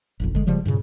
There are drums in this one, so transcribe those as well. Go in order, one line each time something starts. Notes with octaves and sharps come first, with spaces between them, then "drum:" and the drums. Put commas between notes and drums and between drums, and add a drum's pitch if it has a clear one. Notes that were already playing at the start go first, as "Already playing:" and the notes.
F#1 B1 F2
D3 G#3, drum: kick
C#3 F3 G3 G#3
G2 A#2 C#3